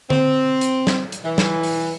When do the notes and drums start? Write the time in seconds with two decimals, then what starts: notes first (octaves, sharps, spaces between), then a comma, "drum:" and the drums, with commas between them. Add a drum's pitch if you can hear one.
0.10 C4, drum: tom D3
0.61 drum: hi-hat
0.87 drum: snare
1.12 drum: hi-hat
1.25 E3
1.38 drum: snare
1.63 drum: open hi-hat